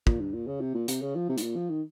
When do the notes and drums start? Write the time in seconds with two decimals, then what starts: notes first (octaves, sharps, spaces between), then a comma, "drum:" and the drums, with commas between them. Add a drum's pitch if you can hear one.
0.07 A#2, drum: kick
0.20 G2
0.34 A#2
0.47 C#3
0.61 C3
0.74 A#2
0.88 C3, drum: hi-hat
1.02 C#3
1.15 F3
1.29 C3
1.38 G#2, drum: hi-hat
1.43 A#2
1.56 F3
1.70 D#3